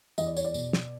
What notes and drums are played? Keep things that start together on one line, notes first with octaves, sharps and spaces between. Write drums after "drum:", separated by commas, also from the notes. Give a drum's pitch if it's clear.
E2 D#5, drum: tambourine
D5
C#5, drum: tambourine
D5
B2, drum: tambourine
drum: snare